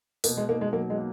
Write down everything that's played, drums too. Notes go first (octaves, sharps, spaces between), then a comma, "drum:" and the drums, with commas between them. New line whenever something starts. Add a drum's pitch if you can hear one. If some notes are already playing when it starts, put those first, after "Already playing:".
B2 A#3, drum: open hi-hat
G#3
A#3 D#4
G#3
F#3 A#3
G#3
A#3